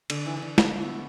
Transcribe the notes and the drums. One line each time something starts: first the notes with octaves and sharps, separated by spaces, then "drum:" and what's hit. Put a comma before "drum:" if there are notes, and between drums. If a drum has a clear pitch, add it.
D3, drum: cymbal
E3
E3
D3
F3, drum: snare
A3
B3